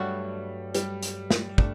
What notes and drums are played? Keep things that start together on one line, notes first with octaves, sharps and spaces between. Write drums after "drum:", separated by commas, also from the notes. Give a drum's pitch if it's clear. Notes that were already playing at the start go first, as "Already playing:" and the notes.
Already playing: G2 F#3 G3 A3 D4 F#4
G3, drum: hi-hat
drum: hi-hat
drum: snare
A3 D4, drum: kick